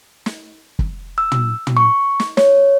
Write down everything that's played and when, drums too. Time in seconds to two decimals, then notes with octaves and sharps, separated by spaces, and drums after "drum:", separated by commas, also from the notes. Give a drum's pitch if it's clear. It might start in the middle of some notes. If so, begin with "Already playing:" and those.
0.26 drum: snare
0.79 drum: kick
1.18 E6
1.32 drum: tom
1.67 drum: tom
1.77 C#6
2.20 drum: snare
2.37 C#5, drum: snare